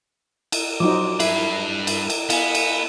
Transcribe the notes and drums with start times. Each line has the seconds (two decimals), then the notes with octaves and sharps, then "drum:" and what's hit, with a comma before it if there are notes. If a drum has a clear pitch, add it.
0.52 drum: cymbal
0.80 F3 F#3 D#4 D6
1.20 G2 E4 B4 C7, drum: cymbal
1.87 drum: cymbal
2.10 drum: cymbal
2.30 B3 F5 G#5, drum: cymbal
2.55 drum: cymbal